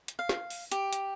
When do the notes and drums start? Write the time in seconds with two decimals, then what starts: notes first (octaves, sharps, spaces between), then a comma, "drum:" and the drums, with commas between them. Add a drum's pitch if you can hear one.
0.08 drum: hi-hat
0.19 F5
0.29 drum: snare
0.50 drum: open hi-hat
0.72 G4, drum: hi-hat
0.93 drum: hi-hat